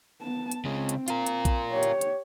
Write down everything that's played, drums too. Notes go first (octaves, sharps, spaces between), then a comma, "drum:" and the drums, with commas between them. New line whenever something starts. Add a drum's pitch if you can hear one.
B3 A5
drum: hi-hat
C#3 G#3 C4
drum: hi-hat
F4 A#4, drum: hi-hat
drum: hi-hat
drum: kick A#1, hi-hat
G4 C#5
drum: hi-hat
drum: hi-hat